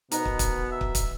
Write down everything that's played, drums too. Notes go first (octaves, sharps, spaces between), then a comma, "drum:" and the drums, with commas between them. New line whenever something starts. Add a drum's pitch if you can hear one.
B2 B3 D#4 A#4 C5 D#5, drum: hi-hat
drum: kick
drum: kick, hi-hat
E5
drum: kick
drum: kick, hi-hat